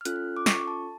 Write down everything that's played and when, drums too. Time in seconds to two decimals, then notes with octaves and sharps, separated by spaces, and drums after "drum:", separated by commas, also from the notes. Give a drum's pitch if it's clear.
0.01 F6
0.05 C#4 F4 A4 F#6, drum: hi-hat
0.16 F#6
0.37 D6
0.46 C#6, drum: snare
0.68 A5